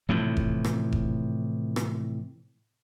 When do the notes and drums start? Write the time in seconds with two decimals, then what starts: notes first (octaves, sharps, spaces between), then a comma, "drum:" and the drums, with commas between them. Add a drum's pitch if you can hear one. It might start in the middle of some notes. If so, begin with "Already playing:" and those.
0.09 A2 C3 E3 F3
0.37 drum: kick E1
0.64 drum: rim click
0.92 drum: kick E1
1.76 drum: rim click